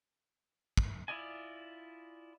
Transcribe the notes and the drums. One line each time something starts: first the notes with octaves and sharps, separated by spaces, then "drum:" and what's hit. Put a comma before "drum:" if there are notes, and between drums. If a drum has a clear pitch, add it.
drum: kick
E4 F4 D5 D#5 G#5